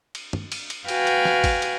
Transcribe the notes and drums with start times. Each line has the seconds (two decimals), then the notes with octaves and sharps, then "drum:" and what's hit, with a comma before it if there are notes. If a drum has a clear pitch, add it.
0.15 drum: cymbal
0.33 drum: tom
0.52 drum: cymbal
0.70 drum: cymbal
0.88 F#4 B4 F5 G5 G#5, drum: cymbal
1.07 drum: cymbal
1.25 drum: snare
1.44 drum: kick G#1, cymbal
1.62 drum: cymbal